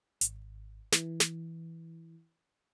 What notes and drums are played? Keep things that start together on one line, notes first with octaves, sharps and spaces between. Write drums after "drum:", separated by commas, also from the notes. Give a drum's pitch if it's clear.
G#1, drum: hi-hat
E3, drum: snare
drum: snare